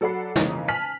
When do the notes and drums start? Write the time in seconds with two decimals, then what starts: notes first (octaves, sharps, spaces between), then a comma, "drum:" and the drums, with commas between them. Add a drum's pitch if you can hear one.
0.01 F#3 A4 D5 F#5 B5 C7
0.36 F2 C#3 E3 A#3 C#4 D#4, drum: snare
0.68 G#5 A5 F6 B6 F#7